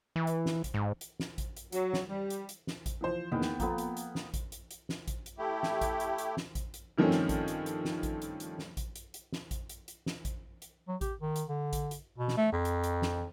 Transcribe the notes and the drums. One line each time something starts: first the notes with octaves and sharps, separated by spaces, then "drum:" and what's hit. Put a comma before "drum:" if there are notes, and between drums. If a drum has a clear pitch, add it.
E3
drum: hi-hat
drum: snare
drum: kick A1, hi-hat
G#2
drum: hi-hat
drum: snare
drum: kick A1, hi-hat
drum: hi-hat
F#3, drum: hi-hat
drum: snare
G3
drum: hi-hat
drum: hi-hat
drum: snare
drum: kick A1, hi-hat
E3 F3 C5
E2 D#3 A#3 B3 G5
drum: snare
F3 A#3 B3 A4, drum: kick A1, hi-hat
drum: hi-hat
drum: hi-hat
drum: snare
drum: kick A1, hi-hat
drum: hi-hat
drum: hi-hat
drum: snare
drum: kick A1, hi-hat
drum: hi-hat
A3 E4 G4
drum: snare
drum: kick A1, hi-hat
drum: hi-hat
drum: hi-hat
drum: snare
drum: kick A1, hi-hat
drum: hi-hat
G2 D#3 F3 A3 C4 C#4
drum: snare
drum: kick A1, hi-hat
drum: hi-hat
drum: hi-hat
drum: snare
drum: kick A1, hi-hat
drum: hi-hat
drum: hi-hat
drum: snare
drum: kick A1, hi-hat
drum: hi-hat
drum: hi-hat
drum: snare
drum: kick A1, hi-hat
drum: hi-hat
drum: hi-hat
drum: snare
drum: kick A1, hi-hat
drum: hi-hat
F#3
G4, drum: kick A1, hi-hat
D#3
drum: hi-hat
D3
drum: kick A1, hi-hat
drum: hi-hat
B2
drum: snare
A3
F2
drum: hi-hat
drum: hi-hat
drum: snare